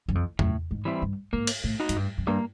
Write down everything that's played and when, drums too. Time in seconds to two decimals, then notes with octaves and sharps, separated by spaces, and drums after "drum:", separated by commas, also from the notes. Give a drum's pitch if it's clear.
0.08 F#2
0.15 F2
0.39 F#2 A2, drum: tom E2
0.71 G#2
0.85 E3 G3 C4 E4
1.02 G2
1.33 G#2 A#3
1.47 drum: cymbal
1.64 A2
1.80 D#4 F#4
1.89 G#2, drum: hi-hat
1.96 G2
2.18 F#2
2.27 G2 A#3